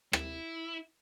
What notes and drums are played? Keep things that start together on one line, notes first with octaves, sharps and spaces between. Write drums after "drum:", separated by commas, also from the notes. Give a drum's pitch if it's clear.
E4, drum: rim click